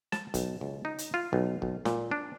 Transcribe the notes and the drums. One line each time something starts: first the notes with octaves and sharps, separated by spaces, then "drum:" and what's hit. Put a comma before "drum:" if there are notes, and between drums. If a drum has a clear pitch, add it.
A5, drum: snare
B1, drum: kick, hi-hat
C#2
D#4
drum: hi-hat
F4
B1
B1, drum: kick
A#2, drum: snare
D4